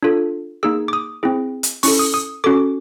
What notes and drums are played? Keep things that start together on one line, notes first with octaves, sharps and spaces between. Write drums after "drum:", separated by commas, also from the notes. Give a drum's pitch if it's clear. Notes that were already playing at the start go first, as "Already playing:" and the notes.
D4 F4 A4
A#3 D#4 G#4 E6
D6
D#6
C4 E4 G#4
drum: hi-hat
C#4 E4 A4 C#6, drum: open hi-hat
D#6
D#6
C#4 F#4 A4 D6